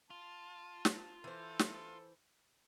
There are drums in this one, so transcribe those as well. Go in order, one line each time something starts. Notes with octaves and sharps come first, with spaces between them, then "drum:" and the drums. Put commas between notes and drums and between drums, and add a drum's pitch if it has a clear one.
F4 A5
drum: snare
E3 A4 C5
drum: snare